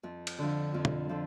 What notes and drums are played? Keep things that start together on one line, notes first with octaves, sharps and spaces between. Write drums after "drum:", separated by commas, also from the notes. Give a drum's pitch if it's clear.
F2
drum: cymbal
D3 F3
F2
drum: tom
D3 F3